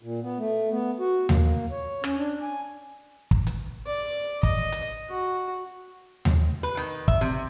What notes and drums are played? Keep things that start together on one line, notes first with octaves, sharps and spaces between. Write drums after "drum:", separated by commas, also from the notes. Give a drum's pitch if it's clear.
A#2
B3
A3
B3
F#4
A#3, drum: tom D#2
C#5
C#4, drum: rim click
D4
G#5
drum: kick
drum: hi-hat
D5
D#5, drum: kick
drum: hi-hat
F#4
drum: tom D#2
B4
D#3
E5, drum: kick
C3